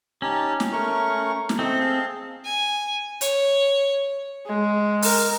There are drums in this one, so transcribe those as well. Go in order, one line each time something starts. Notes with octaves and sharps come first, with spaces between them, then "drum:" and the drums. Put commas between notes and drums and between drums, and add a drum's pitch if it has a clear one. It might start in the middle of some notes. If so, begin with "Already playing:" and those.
C#4 D#4 G4 A5
drum: snare
A3 A#4 C#6
drum: snare
C4 A4 D#5 E5
G#4 F5 A5
G#5
C#5, drum: hi-hat
G#3
A#4, drum: open hi-hat